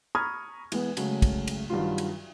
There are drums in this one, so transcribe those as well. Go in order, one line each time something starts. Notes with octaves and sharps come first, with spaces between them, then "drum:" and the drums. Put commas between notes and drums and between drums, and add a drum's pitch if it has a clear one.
A#5 B5 C#6 D#6 F6 G#6
E3 G#3 B3, drum: cymbal
C#3 F#3 G#3 A3, drum: cymbal
drum: kick, cymbal
drum: cymbal
G2 D#3 F#3 F4
drum: cymbal